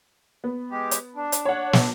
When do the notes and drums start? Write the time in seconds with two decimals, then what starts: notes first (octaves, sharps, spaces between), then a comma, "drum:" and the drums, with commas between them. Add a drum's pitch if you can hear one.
0.44 B3
0.71 G#3 G4
0.91 drum: hi-hat
1.16 D4
1.32 drum: hi-hat
1.45 C#5 F#5
1.73 drum: snare